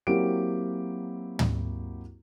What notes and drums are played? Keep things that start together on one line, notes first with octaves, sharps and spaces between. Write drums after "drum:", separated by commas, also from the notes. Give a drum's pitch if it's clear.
F#3 A#3 C4 E4 G4 D7
drum: tom